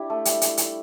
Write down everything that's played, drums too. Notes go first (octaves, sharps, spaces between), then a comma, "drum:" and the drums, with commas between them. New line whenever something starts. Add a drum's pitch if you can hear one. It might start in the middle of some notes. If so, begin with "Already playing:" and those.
Already playing: D4 E4 G4
A3
G3, drum: hi-hat
drum: hi-hat
drum: hi-hat